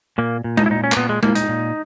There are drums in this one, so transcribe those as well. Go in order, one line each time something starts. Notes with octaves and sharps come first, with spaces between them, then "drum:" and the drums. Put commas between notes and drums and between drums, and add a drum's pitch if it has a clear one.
A#2 A#3
A#2
D#4, drum: tom G#3
E4
A#2 D#4
C#4
A#3, drum: clap
A#2 B3
G#3
A#2 A#3, drum: tom G#3
D#4, drum: hi-hat
A#2